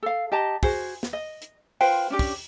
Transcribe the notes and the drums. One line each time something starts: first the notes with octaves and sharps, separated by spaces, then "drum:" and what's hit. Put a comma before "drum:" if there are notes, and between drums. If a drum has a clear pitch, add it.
A4 F5
G4 D#5 A5 A#5
F#4 G#4 C5, drum: kick, open hi-hat
drum: snare
D#5
drum: hi-hat
F4 B4 C5 G5, drum: open hi-hat
C#4 D4 G4
drum: kick, open hi-hat